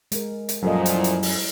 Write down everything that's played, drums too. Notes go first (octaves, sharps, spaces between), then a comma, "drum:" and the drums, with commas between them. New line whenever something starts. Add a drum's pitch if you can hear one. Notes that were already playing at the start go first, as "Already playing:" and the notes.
G#3 A#4, drum: hi-hat
drum: hi-hat
F#2 A#2 F3 G3 A4 D#5
drum: hi-hat
E4
drum: hi-hat
drum: open hi-hat